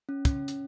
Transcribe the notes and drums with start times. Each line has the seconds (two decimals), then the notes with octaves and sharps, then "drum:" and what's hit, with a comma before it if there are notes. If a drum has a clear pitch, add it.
0.09 C#4
0.25 C#4, drum: kick, hi-hat
0.48 drum: hi-hat